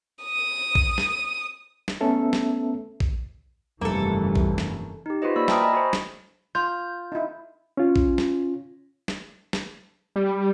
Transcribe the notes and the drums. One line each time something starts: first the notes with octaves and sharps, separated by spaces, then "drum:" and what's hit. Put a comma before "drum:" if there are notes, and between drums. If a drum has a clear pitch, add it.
D#6
drum: kick A1
drum: snare
drum: snare
A3 B3 C#4 A4 E5
drum: snare
drum: kick A1
F1 G2 C#3 E3 G3 A3 A#3 A4
drum: kick A1
drum: snare
D#4 G4
F4 F#4 B4 C5 D#5
A#3 D5 B5 E6
E5 G5 A5 A#5 D#6 F6, drum: snare
D#5 G#5 A#5 B5
F#4 C5
drum: snare
F4 G6
D#4 E4
C#4 F4
drum: kick A1
drum: snare
drum: snare
drum: snare
G3